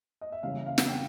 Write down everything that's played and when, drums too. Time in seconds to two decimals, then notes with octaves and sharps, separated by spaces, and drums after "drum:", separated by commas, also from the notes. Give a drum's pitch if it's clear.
0.21 D#5
0.32 E5
0.43 C#3 E3 G3 A#3 C#4 F5
0.66 F5
0.78 F#5, drum: snare
0.89 G5